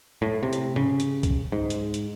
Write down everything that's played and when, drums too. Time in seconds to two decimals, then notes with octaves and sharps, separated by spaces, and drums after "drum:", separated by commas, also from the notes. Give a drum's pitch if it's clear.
0.22 A2
0.43 C3
0.53 drum: hi-hat
0.76 C#3, drum: tom G#2
1.00 drum: hi-hat
1.23 drum: kick, hi-hat
1.52 G#2
1.70 drum: hi-hat
1.94 drum: hi-hat